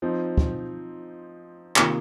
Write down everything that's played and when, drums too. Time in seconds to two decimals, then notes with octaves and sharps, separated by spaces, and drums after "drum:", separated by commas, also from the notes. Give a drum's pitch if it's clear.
0.02 F3 C4 D#4
0.38 drum: kick
1.76 C3 D#3 A#3 F4, drum: clap